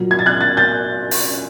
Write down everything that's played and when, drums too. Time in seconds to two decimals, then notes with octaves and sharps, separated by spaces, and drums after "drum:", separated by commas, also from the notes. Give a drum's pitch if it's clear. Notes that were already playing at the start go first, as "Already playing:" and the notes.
Already playing: A#2 F#3
0.11 G#6
0.19 A6
0.26 F#6 G#6
0.41 A6
0.57 G6 A6
1.11 drum: open hi-hat